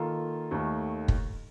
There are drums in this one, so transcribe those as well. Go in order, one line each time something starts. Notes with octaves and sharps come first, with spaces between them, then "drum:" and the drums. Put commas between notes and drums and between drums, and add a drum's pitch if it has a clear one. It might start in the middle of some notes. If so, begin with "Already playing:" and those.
Already playing: D#3 A#3 F4 A4
D#2 D#3 A3
drum: kick